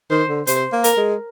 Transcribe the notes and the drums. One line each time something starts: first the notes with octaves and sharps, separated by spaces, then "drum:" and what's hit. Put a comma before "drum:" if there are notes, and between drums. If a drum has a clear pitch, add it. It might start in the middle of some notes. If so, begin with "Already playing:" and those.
D#3 C5
D3
C3 C5, drum: hi-hat
A#3
A#4, drum: hi-hat
G#3